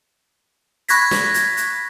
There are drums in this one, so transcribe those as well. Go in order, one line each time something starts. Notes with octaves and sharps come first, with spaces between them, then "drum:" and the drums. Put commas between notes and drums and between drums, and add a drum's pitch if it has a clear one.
B5 C#6 F#6 G#6 A#6 B6, drum: hi-hat
drum: snare
drum: hi-hat
drum: hi-hat